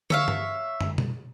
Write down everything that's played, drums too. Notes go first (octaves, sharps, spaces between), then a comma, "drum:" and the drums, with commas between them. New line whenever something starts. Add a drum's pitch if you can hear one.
C#5 E5 F5, drum: tom
drum: tom G2
drum: tom
drum: tom